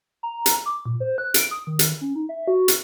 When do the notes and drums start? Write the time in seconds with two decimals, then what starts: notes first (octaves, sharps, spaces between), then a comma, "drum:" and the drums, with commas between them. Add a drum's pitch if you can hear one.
0.23 A#5
0.46 drum: hi-hat
0.66 D6
0.86 A#2
1.00 C5
1.18 F#6
1.34 D7, drum: hi-hat
1.51 D#6
1.67 D#3
1.79 drum: hi-hat
2.01 C#4
2.15 D#4
2.29 E5
2.48 F#4
2.68 drum: hi-hat